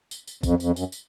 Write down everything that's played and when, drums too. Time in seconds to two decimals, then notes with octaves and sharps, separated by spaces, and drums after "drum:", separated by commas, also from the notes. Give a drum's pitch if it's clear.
0.11 drum: tambourine
0.27 drum: tambourine
0.43 F2, drum: kick, tambourine
0.60 F2, drum: tambourine
0.76 F#2, drum: tambourine
0.92 drum: tambourine